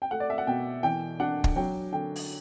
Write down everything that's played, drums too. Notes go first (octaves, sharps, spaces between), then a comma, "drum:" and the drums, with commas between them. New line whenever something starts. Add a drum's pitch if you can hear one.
G5
A3 F#5
D5
E5
F#5
B2 G5
E3 G5
D4 F#5
drum: kick
F#3 G5
D3 G5
drum: open hi-hat